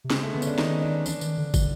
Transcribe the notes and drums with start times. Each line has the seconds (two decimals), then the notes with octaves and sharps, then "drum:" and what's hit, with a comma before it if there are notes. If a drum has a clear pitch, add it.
0.04 C3
0.10 C#3 G#3, drum: snare
0.23 A3
0.34 D3 B3
0.42 C#4, drum: tambourine
0.47 D4
0.58 D#3 D#4, drum: snare
0.82 D4
1.06 E3 D4, drum: tambourine
1.21 D#3, drum: tambourine
1.38 D3
1.54 D3, drum: kick, tambourine